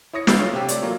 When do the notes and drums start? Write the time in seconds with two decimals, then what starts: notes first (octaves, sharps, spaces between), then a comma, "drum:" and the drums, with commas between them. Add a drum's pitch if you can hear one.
0.13 E4 C#5 D#6 A#6 C#7
0.27 B5 E6 F6 A6 A#6 C7, drum: snare
0.39 F4 C#5
0.53 C3 G4
0.69 A3 C#5 D5, drum: hi-hat
0.82 F#3 A#3 F4 C#5